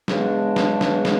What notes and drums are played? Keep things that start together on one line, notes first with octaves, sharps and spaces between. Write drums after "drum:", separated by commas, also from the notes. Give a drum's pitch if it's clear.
E2 C#3 G#3 B3 D4, drum: snare
drum: snare
E2 C#3 G#3 B3 D4, drum: snare
drum: snare